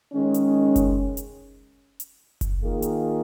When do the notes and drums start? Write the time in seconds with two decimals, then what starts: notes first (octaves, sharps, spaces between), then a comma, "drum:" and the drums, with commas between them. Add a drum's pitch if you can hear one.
0.13 D#3 G#3 C#4
0.34 drum: hi-hat
0.76 drum: kick F#1, hi-hat
1.17 drum: hi-hat
2.00 drum: hi-hat
2.41 drum: kick F#1, hi-hat
2.62 D#3 A#3 F4 G#4
2.82 drum: hi-hat